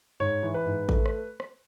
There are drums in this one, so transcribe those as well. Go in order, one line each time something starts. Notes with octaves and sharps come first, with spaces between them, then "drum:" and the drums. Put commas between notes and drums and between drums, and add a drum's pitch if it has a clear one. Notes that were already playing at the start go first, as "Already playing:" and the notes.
G#2 C#5
E3
B4
G#2
A3, drum: kick A1
drum: rim click
drum: rim click